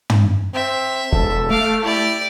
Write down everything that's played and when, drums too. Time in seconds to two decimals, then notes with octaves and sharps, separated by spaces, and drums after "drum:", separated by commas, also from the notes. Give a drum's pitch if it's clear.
0.10 drum: tom
0.55 C4 E5
1.12 E1 A4, drum: kick
1.50 A3 F5 D6
1.84 E4 G4 D5